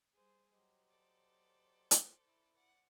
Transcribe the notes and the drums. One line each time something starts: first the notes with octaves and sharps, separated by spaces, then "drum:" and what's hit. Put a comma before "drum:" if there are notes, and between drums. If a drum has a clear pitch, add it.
G3 G#4 C5
F#3 G4 C5 D#5
A4 D5
drum: hi-hat
E4
D5 F#5